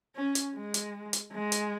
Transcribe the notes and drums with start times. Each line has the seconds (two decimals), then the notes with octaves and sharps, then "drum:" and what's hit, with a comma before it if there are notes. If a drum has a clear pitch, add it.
0.16 C#4
0.35 drum: hi-hat
0.55 G#3
0.74 drum: hi-hat
1.13 drum: hi-hat
1.33 G#3
1.52 drum: hi-hat